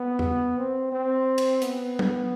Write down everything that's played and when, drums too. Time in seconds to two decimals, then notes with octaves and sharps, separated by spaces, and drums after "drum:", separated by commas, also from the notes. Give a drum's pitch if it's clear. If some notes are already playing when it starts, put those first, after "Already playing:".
Already playing: B3
0.19 drum: tom E2
0.58 C4
0.92 C4
1.38 drum: cymbal
1.62 B3, drum: hi-hat
1.99 drum: tom F#3